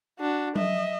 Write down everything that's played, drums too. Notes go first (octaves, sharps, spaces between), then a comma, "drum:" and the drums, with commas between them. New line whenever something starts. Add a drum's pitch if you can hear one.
D4 F#4
D#5 E5, drum: tom F#3